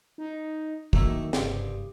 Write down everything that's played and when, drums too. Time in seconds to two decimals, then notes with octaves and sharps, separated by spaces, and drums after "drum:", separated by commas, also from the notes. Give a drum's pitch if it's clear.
0.18 D#4
0.93 D#3 F#3 A3 A#3 E4 E5, drum: kick
1.33 F#1 C2 G2 G4, drum: snare